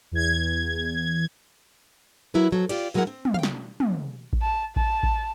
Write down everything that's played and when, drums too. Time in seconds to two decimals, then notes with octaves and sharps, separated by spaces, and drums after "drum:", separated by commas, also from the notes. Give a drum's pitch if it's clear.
0.11 E2 G#6
2.34 F#3 E4 A#4 B4
2.51 F3 F#3 A4
2.69 F4 G4 D5, drum: cymbal
2.94 E2 F#3 G#3 E4 A#4 F#5
3.07 C4
3.25 drum: tom
3.34 F5 G5
3.43 drum: snare
3.80 drum: tom
4.33 drum: kick A1
4.42 A5
4.76 A5, drum: kick A1
5.03 drum: kick A1